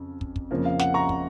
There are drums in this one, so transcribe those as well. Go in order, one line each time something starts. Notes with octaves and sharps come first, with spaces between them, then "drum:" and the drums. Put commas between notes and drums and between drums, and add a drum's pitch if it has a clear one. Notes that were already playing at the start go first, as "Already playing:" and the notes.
Already playing: F2 C#3
drum: kick
drum: kick
F2 C#3 F3 A#3
F5
F#5, drum: snare
A#5 C#6
drum: kick